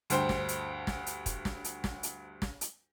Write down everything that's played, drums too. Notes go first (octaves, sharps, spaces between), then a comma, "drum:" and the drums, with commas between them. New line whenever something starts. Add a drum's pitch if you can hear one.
D2 G2 C5 G5, drum: hi-hat
drum: snare
drum: hi-hat
drum: snare
drum: hi-hat
drum: kick, hi-hat
drum: snare
drum: hi-hat
drum: snare
drum: hi-hat
drum: snare
drum: hi-hat